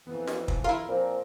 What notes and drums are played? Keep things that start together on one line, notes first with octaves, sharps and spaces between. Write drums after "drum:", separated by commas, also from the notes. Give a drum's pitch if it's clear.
F2 E3 B3
drum: snare
drum: kick
E4 F4 A#4
A#2 F3 C4